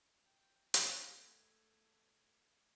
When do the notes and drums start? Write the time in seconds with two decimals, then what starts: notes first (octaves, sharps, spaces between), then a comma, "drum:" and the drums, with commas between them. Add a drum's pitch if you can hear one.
0.25 G5
0.74 A3 G#6, drum: hi-hat